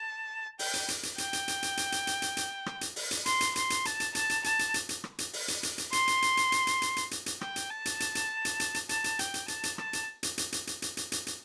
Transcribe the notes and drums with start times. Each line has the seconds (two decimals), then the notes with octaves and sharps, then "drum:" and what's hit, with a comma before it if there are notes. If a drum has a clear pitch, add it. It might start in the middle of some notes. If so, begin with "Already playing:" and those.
Already playing: A5
0.59 G5, drum: open hi-hat
0.74 drum: hi-hat
0.88 drum: hi-hat
1.03 drum: hi-hat
1.18 G5, drum: hi-hat
1.33 drum: hi-hat
1.48 drum: hi-hat
1.63 drum: hi-hat
1.77 drum: hi-hat
1.92 drum: hi-hat
2.07 drum: hi-hat
2.22 drum: hi-hat
2.37 drum: hi-hat
2.66 drum: rim click
2.81 drum: hi-hat
2.96 drum: open hi-hat
3.11 drum: hi-hat
3.26 C6, drum: hi-hat
3.41 drum: hi-hat
3.56 C6, drum: hi-hat
3.70 drum: hi-hat
3.85 A5, drum: hi-hat
4.00 drum: hi-hat
4.15 A5, drum: hi-hat
4.30 drum: hi-hat
4.44 A5, drum: hi-hat
4.59 drum: hi-hat
4.74 drum: hi-hat
4.89 drum: hi-hat
5.04 drum: rim click
5.19 drum: hi-hat
5.33 drum: open hi-hat
5.48 drum: hi-hat
5.63 drum: hi-hat
5.78 drum: hi-hat
5.93 C6, drum: hi-hat
6.07 drum: hi-hat
6.22 drum: hi-hat
6.37 drum: hi-hat
6.52 drum: hi-hat
6.67 drum: hi-hat
6.82 drum: hi-hat
6.96 drum: hi-hat
7.11 drum: hi-hat
7.26 drum: hi-hat
7.41 G5, drum: rim click
7.56 drum: hi-hat
7.70 A5
7.85 drum: hi-hat
8.00 drum: hi-hat
8.15 drum: hi-hat
8.45 drum: hi-hat
8.60 drum: hi-hat
8.74 drum: hi-hat
8.89 A5, drum: hi-hat
9.04 drum: hi-hat
9.19 G5, drum: hi-hat
9.34 drum: hi-hat
9.48 A5, drum: hi-hat
9.63 drum: hi-hat
9.78 A5, drum: rim click
9.93 drum: hi-hat
10.23 drum: hi-hat
10.38 drum: hi-hat
10.52 drum: hi-hat
10.67 drum: hi-hat
10.82 drum: hi-hat
10.97 drum: hi-hat
11.12 drum: hi-hat
11.27 drum: hi-hat